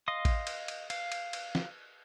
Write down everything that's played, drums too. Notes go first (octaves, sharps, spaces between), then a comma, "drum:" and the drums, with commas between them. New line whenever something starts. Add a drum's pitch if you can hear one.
D#5 F5 C6 D#6
drum: kick A1, cymbal
drum: cymbal
drum: cymbal
F5, drum: cymbal
drum: cymbal
drum: cymbal
drum: snare